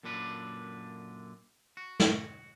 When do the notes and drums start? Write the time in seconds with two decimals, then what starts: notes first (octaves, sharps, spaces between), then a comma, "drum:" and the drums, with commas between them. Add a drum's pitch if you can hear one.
0.03 F#2 A#2 D3 D4 B4
1.77 F#4
2.00 drum: snare